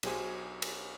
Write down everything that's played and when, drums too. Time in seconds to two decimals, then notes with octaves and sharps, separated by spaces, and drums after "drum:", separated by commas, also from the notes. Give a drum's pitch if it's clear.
0.03 B1 F#3 G4 G#4 C5 G#5, drum: cymbal
0.62 drum: cymbal